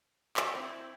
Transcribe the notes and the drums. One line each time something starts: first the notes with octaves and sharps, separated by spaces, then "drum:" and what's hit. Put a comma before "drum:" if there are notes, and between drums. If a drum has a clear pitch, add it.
drum: clap
C4 E4